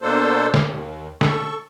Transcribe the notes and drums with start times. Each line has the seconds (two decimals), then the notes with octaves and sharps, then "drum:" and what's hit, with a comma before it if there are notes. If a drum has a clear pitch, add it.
0.02 B2 A#3 D4 A4 C5
0.54 drum: snare
0.66 D#2
1.21 A4 C#6, drum: snare